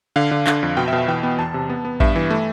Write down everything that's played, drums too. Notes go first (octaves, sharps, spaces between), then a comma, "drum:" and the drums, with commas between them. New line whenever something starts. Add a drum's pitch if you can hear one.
D3 F5
D3
D3, drum: clap
F2
B2 G5
E5
B2
E5
E3 G5
B3
E2 A5
C3
B3
B3
G2 E5, drum: kick A1
E3
A3